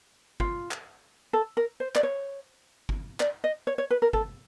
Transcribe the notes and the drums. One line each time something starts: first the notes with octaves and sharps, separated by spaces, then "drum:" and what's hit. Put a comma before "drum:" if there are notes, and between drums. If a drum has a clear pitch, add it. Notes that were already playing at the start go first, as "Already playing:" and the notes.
F4, drum: kick
drum: clap
A4
A#4
C5
D5, drum: clap
C#5
drum: kick
D5, drum: clap
D#5
C#5
C#5
B4
A#4
A4, drum: kick